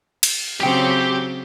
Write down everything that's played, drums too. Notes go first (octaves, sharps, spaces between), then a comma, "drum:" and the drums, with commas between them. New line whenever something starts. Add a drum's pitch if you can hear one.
drum: cymbal
C#3 F#3 C4 G4 G5